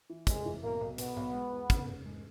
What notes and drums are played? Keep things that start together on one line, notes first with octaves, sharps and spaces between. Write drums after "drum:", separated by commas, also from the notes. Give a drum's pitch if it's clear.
E3
G#2 G#3, drum: kick, hi-hat
E3
B1 A#3
B1
B2 B3, drum: hi-hat
B1
G#3
E2
C#3, drum: kick, hi-hat
E2
G#3